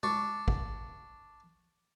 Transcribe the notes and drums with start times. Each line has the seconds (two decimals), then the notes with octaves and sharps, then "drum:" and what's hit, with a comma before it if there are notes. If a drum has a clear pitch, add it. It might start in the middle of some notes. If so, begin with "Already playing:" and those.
0.03 D4 C#6, drum: tom
0.48 drum: kick